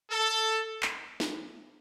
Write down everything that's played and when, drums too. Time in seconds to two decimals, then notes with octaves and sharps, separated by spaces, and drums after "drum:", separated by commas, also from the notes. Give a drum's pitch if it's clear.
0.11 A4
0.83 drum: clap
1.20 drum: snare